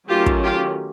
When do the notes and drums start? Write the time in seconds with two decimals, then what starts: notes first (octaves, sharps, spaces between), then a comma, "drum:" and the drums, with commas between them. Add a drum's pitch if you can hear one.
0.08 D#3 F#3 A3 C#4 F4 G4
0.26 drum: kick
0.44 F4 G4